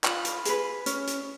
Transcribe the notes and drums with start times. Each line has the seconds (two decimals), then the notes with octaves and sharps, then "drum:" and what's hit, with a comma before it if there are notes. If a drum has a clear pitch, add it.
0.04 F4 B5, drum: clap
0.25 drum: hi-hat
0.45 G#4 B4, drum: hi-hat
0.86 C#4, drum: hi-hat
1.07 drum: hi-hat